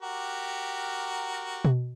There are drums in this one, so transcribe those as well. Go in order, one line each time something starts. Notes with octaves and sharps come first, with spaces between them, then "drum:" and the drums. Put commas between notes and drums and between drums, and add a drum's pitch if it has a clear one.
F#4 G4 A#4
drum: tom B2